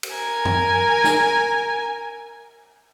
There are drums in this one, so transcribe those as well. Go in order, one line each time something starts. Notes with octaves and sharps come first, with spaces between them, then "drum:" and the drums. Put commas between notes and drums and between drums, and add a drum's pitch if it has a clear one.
drum: cymbal
A#4 G#5
drum: tom F#2
drum: snare